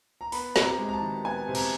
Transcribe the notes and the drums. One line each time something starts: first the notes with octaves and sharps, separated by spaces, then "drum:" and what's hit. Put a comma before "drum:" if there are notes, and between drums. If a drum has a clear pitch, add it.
A#5
B3 B5, drum: open hi-hat
C3, drum: snare
A#5
G#3
A#5
A5
D#3
B3 G#5
C3
A#5, drum: cymbal